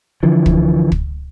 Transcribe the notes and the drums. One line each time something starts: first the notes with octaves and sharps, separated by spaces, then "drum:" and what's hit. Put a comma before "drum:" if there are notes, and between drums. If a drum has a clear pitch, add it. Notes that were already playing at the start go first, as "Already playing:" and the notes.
D3 E3 F3
drum: kick
drum: kick